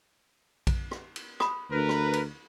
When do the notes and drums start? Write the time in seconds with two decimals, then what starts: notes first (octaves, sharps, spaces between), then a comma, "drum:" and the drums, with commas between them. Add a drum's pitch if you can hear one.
0.67 drum: kick A#1, cymbal
0.91 drum: rim click
1.16 drum: cymbal
1.40 B5 D#6, drum: rim click
1.71 D2 A#4 B4
1.89 drum: rim click
2.13 drum: cymbal